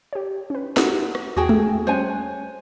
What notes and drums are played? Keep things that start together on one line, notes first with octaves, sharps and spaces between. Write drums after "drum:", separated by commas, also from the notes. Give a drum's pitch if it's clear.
G4 C#5
C#4 B4
F#4 G4 A4 A#4, drum: snare
drum: rim click
E2 F#4 G#4 G5
A4, drum: tom G#3
G3 C#4 C5 C#5 G#5 F#6